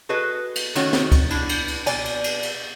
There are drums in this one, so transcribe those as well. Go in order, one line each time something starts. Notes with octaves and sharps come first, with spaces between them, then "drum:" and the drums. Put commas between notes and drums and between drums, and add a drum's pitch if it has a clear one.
F#4 G#4 A4 B4 D#5
drum: cymbal
D#3 A3 C#4 F#4, drum: cymbal
drum: snare
drum: kick C#2, cymbal
D4 E4, drum: cymbal
drum: cymbal
drum: cymbal
B2 D5 G#5, drum: cymbal
drum: cymbal
drum: cymbal
drum: cymbal